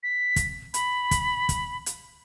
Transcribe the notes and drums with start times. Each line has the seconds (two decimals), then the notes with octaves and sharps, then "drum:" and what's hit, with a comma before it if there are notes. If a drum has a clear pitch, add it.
0.03 B6
0.36 drum: kick, hi-hat
0.74 B5, drum: hi-hat
1.11 drum: kick, hi-hat
1.49 drum: kick, hi-hat
1.86 drum: hi-hat